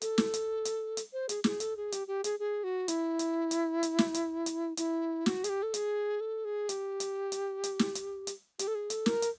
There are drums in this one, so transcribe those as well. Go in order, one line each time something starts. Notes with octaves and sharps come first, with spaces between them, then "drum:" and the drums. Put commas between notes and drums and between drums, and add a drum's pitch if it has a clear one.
A4, drum: hi-hat
drum: snare
drum: hi-hat
drum: hi-hat
drum: hi-hat
C5
G#4, drum: hi-hat
G#4, drum: snare
A4, drum: hi-hat
G#4
G4, drum: hi-hat
G4
G#4, drum: hi-hat
G#4
F#4
E4, drum: hi-hat
drum: hi-hat
drum: hi-hat
drum: hi-hat
drum: snare
drum: hi-hat
drum: hi-hat
E4, drum: hi-hat
F#4, drum: snare
G#4, drum: hi-hat
G4
A4
G#4, drum: hi-hat
A4
G#4
G4, drum: hi-hat
drum: hi-hat
drum: hi-hat
drum: hi-hat
drum: snare
drum: hi-hat
drum: hi-hat
G4, drum: hi-hat
A4
G#4
A4, drum: hi-hat
A#4, drum: snare
drum: hi-hat